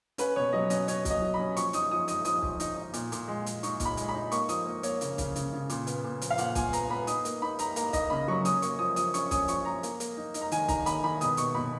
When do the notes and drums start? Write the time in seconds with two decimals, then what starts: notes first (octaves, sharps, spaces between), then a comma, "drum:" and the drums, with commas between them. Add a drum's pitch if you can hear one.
0.18 C#4 B4, drum: hi-hat
0.36 B2 C#5
0.53 F#3 D#5
0.70 C#4 D#5, drum: hi-hat
0.88 C#4 C#5, drum: hi-hat
1.05 F#3, drum: kick, hi-hat
1.10 D#5
1.22 F#3
1.34 B5
1.39 C#4
1.57 F3 C#6, drum: hi-hat
1.73 D#4 D#6, drum: hi-hat
1.91 F3 D#6
2.08 D#4 D#6, drum: hi-hat
2.25 F3 D#6, drum: hi-hat
2.42 F3, drum: kick
2.60 D#4, drum: hi-hat
2.77 D#4
2.94 A#2, drum: hi-hat
3.12 A#2, drum: hi-hat
3.28 G#3
3.46 G#3, drum: hi-hat
3.63 D#4 C#6, drum: hi-hat
3.80 A#2, drum: kick, hi-hat
3.85 B5
3.97 G#3, drum: hi-hat
4.09 B5
4.15 D#4
4.32 A#3 C#6, drum: hi-hat
4.49 F3 D#6, drum: hi-hat
4.66 A#3
4.83 A#3 C#5, drum: hi-hat
5.01 C#3, drum: hi-hat
5.18 C#3, drum: kick, hi-hat
5.36 C#3, drum: hi-hat
5.53 C#3
5.69 A#2, drum: hi-hat
5.87 B3, drum: hi-hat
6.04 A#2
6.22 F3, drum: hi-hat
6.30 F5
6.38 A#2 F#5, drum: hi-hat
6.55 A#2 G#5, drum: kick, hi-hat
6.73 B3 A#5, drum: hi-hat
6.89 B3 B5
7.07 D#4 D#6, drum: hi-hat
7.25 A#3, drum: hi-hat
7.42 D#4 B5
7.59 D#4 A#5, drum: hi-hat
7.76 A#3 A#5, drum: hi-hat
7.93 D#4 D#5, drum: kick, hi-hat
8.10 C#3 B5
8.28 F#3 C#6
8.45 C#4 D#6, drum: hi-hat
8.62 A#3 C#6, drum: hi-hat
8.79 F3 D#6
8.96 F3 D#6, drum: hi-hat
9.14 C#4 C#6, drum: hi-hat
9.31 C#4 D#6, drum: kick, hi-hat
9.48 F3 C#6, drum: hi-hat
9.65 F3 A#5
9.83 A#3, drum: hi-hat
10.00 A#3, drum: hi-hat
10.17 D#4
10.34 D#4, drum: hi-hat
10.41 A#5
10.51 D#3 G#5, drum: hi-hat
10.68 D#3 A#5, drum: kick, hi-hat
10.86 D#3 B5, drum: hi-hat
11.03 D#3 B5
11.21 B2 D#6, drum: hi-hat
11.37 B2 C#6, drum: hi-hat
11.55 B2 B5